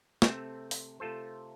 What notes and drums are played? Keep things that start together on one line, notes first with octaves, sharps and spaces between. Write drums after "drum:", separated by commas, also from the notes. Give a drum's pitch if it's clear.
C3 A3 C4 A4, drum: snare
drum: open hi-hat
C3 A3 F4 A4 C5